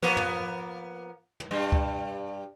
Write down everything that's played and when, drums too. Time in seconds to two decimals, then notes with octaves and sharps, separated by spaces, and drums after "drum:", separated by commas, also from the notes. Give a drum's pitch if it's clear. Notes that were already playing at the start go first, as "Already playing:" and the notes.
0.02 F3 A#3 B3, drum: snare
0.17 drum: tom
1.40 drum: tom
1.51 G2 G3
1.72 drum: kick C#2